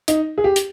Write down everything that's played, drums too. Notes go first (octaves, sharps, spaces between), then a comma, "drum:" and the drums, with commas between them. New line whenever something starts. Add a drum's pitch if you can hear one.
D#4, drum: hi-hat
G#4
G4
drum: hi-hat